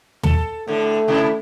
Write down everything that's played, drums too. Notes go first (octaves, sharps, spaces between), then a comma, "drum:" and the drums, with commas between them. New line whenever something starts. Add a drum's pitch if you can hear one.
A4, drum: tom
A2 D3 A3
A2 C3 E4